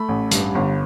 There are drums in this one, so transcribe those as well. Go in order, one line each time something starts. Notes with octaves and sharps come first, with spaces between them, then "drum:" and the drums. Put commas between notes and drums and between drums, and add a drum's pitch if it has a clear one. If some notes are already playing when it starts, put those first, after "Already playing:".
Already playing: A3 B5
A1
G2, drum: hi-hat
G1